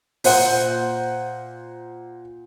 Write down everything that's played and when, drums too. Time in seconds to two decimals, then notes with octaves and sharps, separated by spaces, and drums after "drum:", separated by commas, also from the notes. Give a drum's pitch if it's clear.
0.24 A#2 C5 F#5, drum: open hi-hat